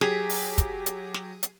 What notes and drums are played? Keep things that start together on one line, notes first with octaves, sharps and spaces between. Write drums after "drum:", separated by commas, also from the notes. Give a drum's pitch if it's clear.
F#3 G4 G#4 B6, drum: snare
drum: open hi-hat
drum: kick, hi-hat
drum: hi-hat
drum: snare
drum: hi-hat